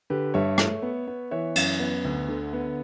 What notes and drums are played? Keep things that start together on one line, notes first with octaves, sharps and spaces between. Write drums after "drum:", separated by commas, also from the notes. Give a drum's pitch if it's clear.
D3 G4 B4
G2 C#5 E5
A3, drum: rim click
B3
B3
E3 C#5 E5
F#2, drum: cymbal
B3
D2
D3
B3